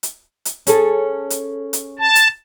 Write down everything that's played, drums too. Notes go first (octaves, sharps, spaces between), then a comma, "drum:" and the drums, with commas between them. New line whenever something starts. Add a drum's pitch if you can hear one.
drum: hi-hat
drum: hi-hat
C#4 G#4 A4, drum: hi-hat
drum: hi-hat
drum: hi-hat
A5
drum: hi-hat